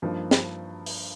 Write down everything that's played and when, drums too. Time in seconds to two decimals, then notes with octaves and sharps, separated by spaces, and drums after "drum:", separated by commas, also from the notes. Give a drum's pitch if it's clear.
0.02 G2 F3 A#3 D#4
0.31 drum: snare
0.86 drum: open hi-hat